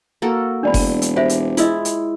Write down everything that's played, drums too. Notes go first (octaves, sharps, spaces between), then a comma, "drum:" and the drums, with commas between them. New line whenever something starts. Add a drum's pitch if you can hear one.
A#3 F#4 A4
E1 D4 D5 B5
drum: kick F#1, open hi-hat
drum: hi-hat
F4 G4 C5 E5
drum: hi-hat
G#3 E4 F4 D#5, drum: hi-hat
drum: hi-hat